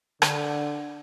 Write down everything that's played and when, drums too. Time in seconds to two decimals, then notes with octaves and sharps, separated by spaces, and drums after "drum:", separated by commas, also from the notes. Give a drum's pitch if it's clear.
0.22 D3, drum: rim click